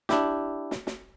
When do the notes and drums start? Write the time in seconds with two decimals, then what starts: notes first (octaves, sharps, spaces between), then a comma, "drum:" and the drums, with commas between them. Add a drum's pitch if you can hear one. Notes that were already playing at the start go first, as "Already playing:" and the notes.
0.09 D4 E4 G4, drum: snare
0.71 drum: snare
0.87 drum: snare